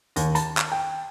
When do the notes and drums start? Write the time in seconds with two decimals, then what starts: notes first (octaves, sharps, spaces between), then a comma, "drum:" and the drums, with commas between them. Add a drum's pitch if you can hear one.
0.16 D#2, drum: hi-hat
0.35 A5, drum: hi-hat
0.57 drum: clap
0.72 G5